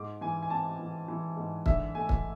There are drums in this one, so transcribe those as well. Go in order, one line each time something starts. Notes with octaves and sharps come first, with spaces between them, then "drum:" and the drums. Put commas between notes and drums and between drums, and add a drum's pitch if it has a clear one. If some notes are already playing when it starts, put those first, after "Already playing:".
Already playing: G#2 D6
E3 G#5
G#5
C4 A5
E3
E3
G#2
D3 E5, drum: kick
A3 G#5
drum: kick